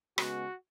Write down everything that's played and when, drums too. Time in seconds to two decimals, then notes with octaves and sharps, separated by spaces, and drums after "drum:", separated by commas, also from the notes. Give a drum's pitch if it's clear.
0.18 C#3 G#3 B3 F#4, drum: rim click